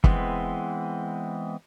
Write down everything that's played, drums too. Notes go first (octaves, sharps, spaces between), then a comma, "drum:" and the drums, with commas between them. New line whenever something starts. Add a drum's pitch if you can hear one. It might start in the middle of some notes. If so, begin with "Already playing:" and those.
E3 G#3 B3 C4, drum: kick